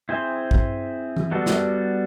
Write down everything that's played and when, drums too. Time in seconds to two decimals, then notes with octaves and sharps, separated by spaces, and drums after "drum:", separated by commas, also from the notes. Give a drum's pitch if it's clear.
0.09 C4 E4 G#4 C5
0.51 drum: kick
1.16 drum: tom E3
1.31 G3 B3 D4 F#4 A4
1.46 drum: snare